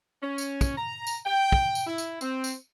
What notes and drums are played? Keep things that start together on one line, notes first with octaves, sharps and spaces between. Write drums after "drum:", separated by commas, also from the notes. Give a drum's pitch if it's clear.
C#4
drum: tambourine
drum: kick, tambourine
A#5
drum: tambourine
G5
drum: kick
drum: tambourine
E4
drum: tambourine
C4, drum: tambourine
drum: tambourine